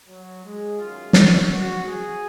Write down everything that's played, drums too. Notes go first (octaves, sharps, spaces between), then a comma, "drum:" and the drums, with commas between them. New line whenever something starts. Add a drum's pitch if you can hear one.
F#3
G#3
F#2 D#3 F4
F#4, drum: snare
F#4
G#4